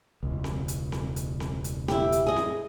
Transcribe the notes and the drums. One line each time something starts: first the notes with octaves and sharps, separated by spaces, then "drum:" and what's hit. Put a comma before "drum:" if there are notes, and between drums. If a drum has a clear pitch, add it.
E1 C#2
drum: snare C4
drum: hi-hat
drum: snare C4
drum: hi-hat
drum: snare C4
drum: hi-hat
E4 G4, drum: snare C4
drum: hi-hat
G#4 D#5
drum: snare C4